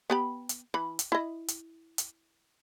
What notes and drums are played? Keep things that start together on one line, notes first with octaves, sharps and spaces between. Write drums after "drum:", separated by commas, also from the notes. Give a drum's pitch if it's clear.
B3 G4 B5
drum: hi-hat
E3 B5
drum: hi-hat
E4 D#5
drum: hi-hat
drum: hi-hat